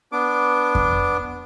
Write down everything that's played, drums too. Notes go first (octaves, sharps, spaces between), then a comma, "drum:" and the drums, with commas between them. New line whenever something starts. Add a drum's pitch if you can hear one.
B3 D4 D6
drum: kick F2